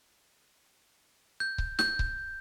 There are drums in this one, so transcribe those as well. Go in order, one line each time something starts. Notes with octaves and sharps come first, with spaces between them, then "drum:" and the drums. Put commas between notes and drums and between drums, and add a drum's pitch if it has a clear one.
G6
drum: kick C#1
G6, drum: snare
drum: kick C#1